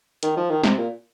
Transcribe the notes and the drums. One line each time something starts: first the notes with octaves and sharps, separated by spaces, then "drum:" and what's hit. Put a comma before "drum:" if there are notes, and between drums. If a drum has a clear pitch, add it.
D#3, drum: hi-hat
F3
D#3
C3, drum: snare
A#2